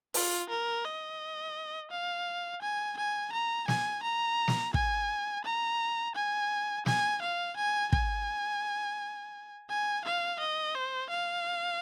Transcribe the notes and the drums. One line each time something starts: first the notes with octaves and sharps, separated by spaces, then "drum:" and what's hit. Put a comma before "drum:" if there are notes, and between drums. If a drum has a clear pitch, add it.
F4, drum: open hi-hat
A#4
D#5
F5
G#5
G#5
A#5
G#5, drum: snare
A#5
drum: snare
G#5, drum: kick
A#5
G#5
G#5, drum: snare
F5
G#5
G#5, drum: kick
G#5
F5
D#5
C5
F5